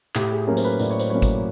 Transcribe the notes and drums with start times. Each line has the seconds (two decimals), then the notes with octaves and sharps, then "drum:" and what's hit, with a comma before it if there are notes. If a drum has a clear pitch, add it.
0.15 A2 G4, drum: clap
0.32 G#4
0.47 F#3 A#3 C#4 A#4
0.57 C5, drum: tambourine
0.64 B4
0.79 A2 D5, drum: tambourine
0.90 C#5
0.99 C5, drum: tambourine
1.10 F#3 A#3 C#4 C#5
1.22 drum: kick G#1, tambourine